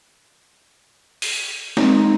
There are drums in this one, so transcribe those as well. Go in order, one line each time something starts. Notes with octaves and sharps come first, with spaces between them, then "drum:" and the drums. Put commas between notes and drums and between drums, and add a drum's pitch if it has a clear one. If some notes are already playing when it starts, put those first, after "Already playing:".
drum: open hi-hat
G#3 C4 D#4, drum: snare